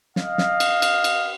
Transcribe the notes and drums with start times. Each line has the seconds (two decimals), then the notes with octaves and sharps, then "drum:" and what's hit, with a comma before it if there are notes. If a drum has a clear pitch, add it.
0.16 D#5 F5, drum: snare
0.38 drum: snare
0.60 drum: cymbal
0.82 drum: cymbal
1.04 drum: cymbal